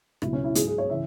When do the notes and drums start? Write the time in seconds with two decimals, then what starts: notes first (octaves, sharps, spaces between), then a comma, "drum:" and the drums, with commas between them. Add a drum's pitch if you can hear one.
0.22 C#2 B2 F#3 E4, drum: rim click
0.33 C#4
0.44 E4
0.55 G#2 F#3 G#4, drum: hi-hat
0.67 G#4
0.78 C#5
0.90 C#3 E3 E5